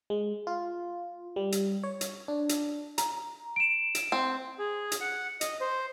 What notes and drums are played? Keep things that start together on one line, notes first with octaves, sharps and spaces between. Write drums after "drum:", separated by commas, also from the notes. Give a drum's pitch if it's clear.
G#3
F4
G3
drum: hi-hat
C#5
drum: hi-hat
D4
drum: hi-hat
A#5, drum: hi-hat
D7 E7
drum: hi-hat
C4
G#4
drum: hi-hat
F#5
D#5, drum: hi-hat
C5